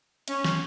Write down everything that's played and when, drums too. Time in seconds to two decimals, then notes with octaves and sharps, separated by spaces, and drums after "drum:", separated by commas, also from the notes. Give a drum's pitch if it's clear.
0.28 C#4, drum: hi-hat
0.44 drum: snare